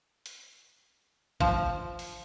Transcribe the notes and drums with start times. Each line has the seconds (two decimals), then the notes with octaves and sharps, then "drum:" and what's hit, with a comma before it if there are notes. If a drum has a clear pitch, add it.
0.26 drum: hi-hat
1.40 F3, drum: kick A1
1.99 drum: open hi-hat